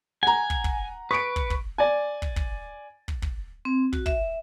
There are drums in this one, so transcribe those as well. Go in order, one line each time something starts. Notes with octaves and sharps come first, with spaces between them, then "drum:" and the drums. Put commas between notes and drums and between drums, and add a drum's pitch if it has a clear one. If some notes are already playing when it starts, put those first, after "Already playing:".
F#5 G#5 A#5
drum: kick
drum: kick
B4 C#6 C#7 D7
drum: kick
drum: kick
D5 G#5
drum: kick
drum: kick
drum: kick
drum: kick
C4
F#4, drum: kick
E5, drum: kick